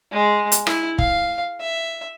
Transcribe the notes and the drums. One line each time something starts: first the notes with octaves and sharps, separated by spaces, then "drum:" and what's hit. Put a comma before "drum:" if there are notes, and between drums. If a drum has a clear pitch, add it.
G#3
drum: hi-hat
E4, drum: rim click
F5, drum: kick
E5